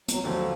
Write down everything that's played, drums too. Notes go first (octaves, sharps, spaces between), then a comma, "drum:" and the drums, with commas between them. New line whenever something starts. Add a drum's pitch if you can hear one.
F#3, drum: hi-hat
D#2 D3 F3 F#3 A3